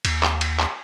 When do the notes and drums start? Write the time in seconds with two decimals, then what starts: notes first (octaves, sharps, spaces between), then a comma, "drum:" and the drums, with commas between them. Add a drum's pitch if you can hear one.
0.05 D#2, drum: cymbal
0.23 drum: clap
0.41 drum: cymbal
0.59 drum: clap